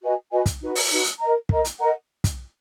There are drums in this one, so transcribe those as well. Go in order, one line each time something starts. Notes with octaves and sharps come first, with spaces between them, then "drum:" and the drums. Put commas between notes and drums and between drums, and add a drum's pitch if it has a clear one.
F#4 B4 D#5 G#5
F#4 B4 D#5 G#5
drum: kick, hi-hat
D#4 F#4 B4
drum: open hi-hat
D#4 F#4 B4
drum: hi-hat
A#4 D#5 A#5
A#4 D#5 A#5, drum: kick
drum: hi-hat
A#4 D#5 F#5 A#5
drum: kick, hi-hat